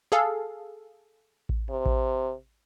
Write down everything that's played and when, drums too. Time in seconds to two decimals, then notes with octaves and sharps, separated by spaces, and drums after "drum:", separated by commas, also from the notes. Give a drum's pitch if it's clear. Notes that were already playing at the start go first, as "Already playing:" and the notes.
0.12 G#4 A4 F5
1.49 drum: kick A1
1.70 C3
1.86 drum: kick A1